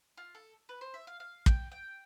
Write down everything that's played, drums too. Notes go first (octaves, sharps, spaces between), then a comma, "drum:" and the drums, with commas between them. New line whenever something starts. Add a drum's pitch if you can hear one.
F4
A4
B4
C5
E5
F5
F5
G5, drum: kick
G5